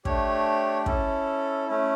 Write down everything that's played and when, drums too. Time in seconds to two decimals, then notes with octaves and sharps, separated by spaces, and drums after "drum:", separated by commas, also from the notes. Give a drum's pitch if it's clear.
0.05 A3 D4 G4 C#5, drum: kick
0.86 C#4 E4 A4, drum: kick
1.68 A3 C#4 E4